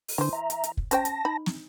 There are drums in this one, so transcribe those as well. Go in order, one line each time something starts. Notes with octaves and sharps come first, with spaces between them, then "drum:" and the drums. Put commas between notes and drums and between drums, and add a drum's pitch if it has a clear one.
drum: open hi-hat
D3 E3 D4 C5
E5 A#5
drum: hi-hat
drum: hi-hat
drum: kick
C#4 C5 G5 A5 A#6, drum: hi-hat
drum: hi-hat
D#4 B5
drum: snare